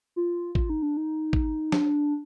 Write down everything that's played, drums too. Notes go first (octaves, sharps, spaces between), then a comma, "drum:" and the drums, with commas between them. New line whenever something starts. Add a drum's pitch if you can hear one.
F4
F4, drum: kick
D#4
D4
D#4
drum: kick
D4, drum: snare